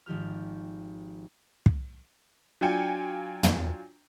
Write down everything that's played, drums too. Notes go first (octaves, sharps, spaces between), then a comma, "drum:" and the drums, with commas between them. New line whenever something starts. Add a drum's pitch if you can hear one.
G#1 D#3 F3 G4 F6
drum: kick
F#3 D4 F4 G5 G#5 C#7
drum: tom